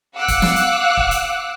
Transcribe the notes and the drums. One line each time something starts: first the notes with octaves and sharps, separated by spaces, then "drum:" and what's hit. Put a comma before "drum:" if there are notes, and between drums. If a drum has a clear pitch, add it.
F5 F#5 D6 E6 F#6
drum: kick, hi-hat
drum: snare
drum: hi-hat
drum: kick
drum: hi-hat